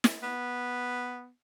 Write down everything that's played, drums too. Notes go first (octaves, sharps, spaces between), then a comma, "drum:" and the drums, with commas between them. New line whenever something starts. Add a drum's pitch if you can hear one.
drum: snare
B3